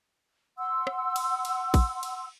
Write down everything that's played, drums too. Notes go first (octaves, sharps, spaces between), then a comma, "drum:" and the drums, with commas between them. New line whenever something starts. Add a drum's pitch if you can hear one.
F#5 C6 E6
drum: rim click
drum: cymbal
drum: cymbal
drum: kick A#1, cymbal
drum: cymbal